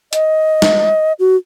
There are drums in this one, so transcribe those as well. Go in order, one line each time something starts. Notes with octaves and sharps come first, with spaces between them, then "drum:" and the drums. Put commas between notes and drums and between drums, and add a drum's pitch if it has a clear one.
D#5, drum: hi-hat
drum: snare
F#4